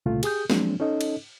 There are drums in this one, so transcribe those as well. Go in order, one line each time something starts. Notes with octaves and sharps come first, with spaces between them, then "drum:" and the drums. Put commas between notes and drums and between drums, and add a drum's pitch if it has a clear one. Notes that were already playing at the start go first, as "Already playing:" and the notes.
C2 A#2 C#3 A3 F4
G4 G#4 D#6 G6, drum: cymbal
F3 F#3 G#3 A#3 C4 D4, drum: snare
C#4 D#4 A4 D#5
drum: cymbal